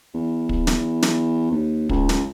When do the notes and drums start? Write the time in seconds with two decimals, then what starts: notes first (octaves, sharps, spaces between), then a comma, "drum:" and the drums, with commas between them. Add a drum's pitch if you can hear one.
0.14 E2
0.49 drum: kick
0.67 drum: snare
1.03 drum: snare
1.51 D#2
1.89 C#2, drum: kick
2.09 drum: snare